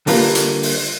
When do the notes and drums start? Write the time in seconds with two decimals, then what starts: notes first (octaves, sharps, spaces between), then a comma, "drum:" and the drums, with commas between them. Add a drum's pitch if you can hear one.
0.07 D3 G3 A#3 F4 B4, drum: open hi-hat
0.35 drum: hi-hat
0.63 drum: open hi-hat